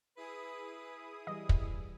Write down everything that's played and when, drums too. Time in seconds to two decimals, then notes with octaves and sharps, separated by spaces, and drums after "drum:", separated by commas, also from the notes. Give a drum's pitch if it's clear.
0.17 E4 G#4 B4 D#6
1.27 E3 G3 D#5
1.49 drum: kick